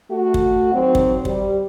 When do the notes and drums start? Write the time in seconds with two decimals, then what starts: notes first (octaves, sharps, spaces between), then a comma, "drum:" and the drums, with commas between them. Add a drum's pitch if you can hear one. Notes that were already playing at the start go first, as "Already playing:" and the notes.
0.11 A3 F#4
0.34 drum: kick
0.74 D#3 F#3 C4
0.95 drum: kick
1.25 G3, drum: kick